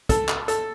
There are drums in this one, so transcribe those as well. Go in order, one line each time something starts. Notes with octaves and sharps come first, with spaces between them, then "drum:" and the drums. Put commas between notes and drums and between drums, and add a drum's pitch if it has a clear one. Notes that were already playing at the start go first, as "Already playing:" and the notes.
A4, drum: kick, hi-hat
drum: clap
A4, drum: hi-hat